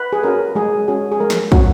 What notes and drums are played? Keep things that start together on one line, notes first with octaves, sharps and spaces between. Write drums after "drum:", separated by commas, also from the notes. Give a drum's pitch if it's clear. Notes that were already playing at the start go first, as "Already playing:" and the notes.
Already playing: B4
G#4
C#4 F#4 A#4
G#3 G#4
C#4 F#4 G#4
G#4
G#3 A#4
drum: snare
C#4 F#4, drum: kick